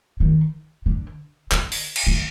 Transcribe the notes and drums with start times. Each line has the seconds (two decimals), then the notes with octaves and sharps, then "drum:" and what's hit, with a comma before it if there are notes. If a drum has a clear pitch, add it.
0.20 D#3
0.86 D3
1.51 D3, drum: clap
1.72 drum: open hi-hat
1.96 drum: cymbal
2.07 D3